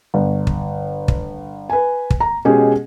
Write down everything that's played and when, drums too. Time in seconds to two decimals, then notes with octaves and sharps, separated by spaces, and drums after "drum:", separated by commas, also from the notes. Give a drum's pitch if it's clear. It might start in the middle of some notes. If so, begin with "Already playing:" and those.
0.14 G1
0.47 drum: kick
1.08 drum: kick
1.70 B4 G#5
2.10 drum: kick
2.20 A#5
2.45 B2 G#3 C#4 G4 G#4